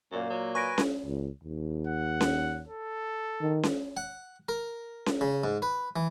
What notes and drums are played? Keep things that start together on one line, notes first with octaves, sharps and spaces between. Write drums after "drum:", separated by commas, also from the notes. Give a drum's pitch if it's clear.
F#2 A#2 A#3
F#3
B4 G#5 C#6 A#6 D7
drum: snare C#4
C#2
D#2
F#5
drum: snare C#4
A4
D#3
drum: snare C#4
F#5
A#4
drum: snare C#4
C#3
G#2
B4
E3